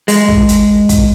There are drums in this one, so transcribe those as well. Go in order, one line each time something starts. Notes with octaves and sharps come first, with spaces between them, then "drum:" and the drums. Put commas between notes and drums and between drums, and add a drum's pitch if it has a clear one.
G#3, drum: open hi-hat
drum: kick
drum: hi-hat
drum: kick, hi-hat